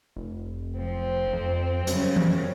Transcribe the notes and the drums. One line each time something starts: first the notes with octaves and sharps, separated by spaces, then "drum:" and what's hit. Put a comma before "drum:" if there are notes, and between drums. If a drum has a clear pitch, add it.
F1
F3 C4
F2
F#2 C#3 G3 C#4, drum: hi-hat
drum: tom E3